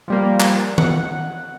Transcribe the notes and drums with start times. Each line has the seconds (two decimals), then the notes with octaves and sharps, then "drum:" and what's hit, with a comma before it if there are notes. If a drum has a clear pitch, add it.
0.08 F3 G3 A#3
0.40 drum: clap
0.78 F#5, drum: tom D#3